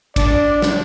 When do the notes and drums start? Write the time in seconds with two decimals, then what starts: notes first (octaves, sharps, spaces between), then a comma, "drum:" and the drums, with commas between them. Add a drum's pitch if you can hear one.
0.16 D4 D5, drum: kick, cymbal
0.62 drum: snare